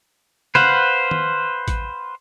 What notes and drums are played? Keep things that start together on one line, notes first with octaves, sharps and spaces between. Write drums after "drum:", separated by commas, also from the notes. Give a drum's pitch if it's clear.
B4 C5 F5 F#5, drum: snare
drum: tom D#3
drum: kick A1, hi-hat